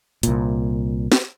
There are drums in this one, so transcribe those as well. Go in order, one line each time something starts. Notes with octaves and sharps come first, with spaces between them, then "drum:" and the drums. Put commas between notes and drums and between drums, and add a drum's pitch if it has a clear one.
C2 A#2, drum: hi-hat
drum: snare